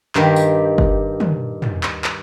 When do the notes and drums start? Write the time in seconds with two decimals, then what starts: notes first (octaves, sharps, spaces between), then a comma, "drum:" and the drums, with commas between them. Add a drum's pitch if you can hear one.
0.15 G2 D#3 G4, drum: clap
0.36 drum: tambourine
0.78 drum: kick F#1
1.20 drum: tom
1.62 drum: tom
1.83 drum: clap
2.04 drum: clap